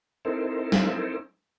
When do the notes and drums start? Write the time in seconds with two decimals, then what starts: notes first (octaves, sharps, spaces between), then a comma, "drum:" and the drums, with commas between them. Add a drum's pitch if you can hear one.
0.25 C4 D#4 E4 A4 A#4 C5
0.72 drum: snare